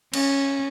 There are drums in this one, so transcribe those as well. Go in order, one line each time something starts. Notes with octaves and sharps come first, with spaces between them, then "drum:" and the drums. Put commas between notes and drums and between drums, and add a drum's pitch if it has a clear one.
C#4, drum: cymbal